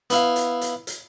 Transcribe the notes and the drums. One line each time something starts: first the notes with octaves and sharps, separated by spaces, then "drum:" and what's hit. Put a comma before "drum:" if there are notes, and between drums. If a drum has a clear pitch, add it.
B3 E4 F5, drum: hi-hat
drum: hi-hat
drum: hi-hat
drum: hi-hat